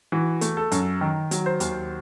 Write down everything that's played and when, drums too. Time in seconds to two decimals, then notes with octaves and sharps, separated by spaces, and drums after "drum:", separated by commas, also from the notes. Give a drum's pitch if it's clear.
0.12 E3 F#4
0.41 A3, drum: hi-hat
0.57 A4
0.72 F#2, drum: hi-hat
1.01 D#3
1.31 F#3, drum: hi-hat
1.46 C5
1.60 D#2, drum: hi-hat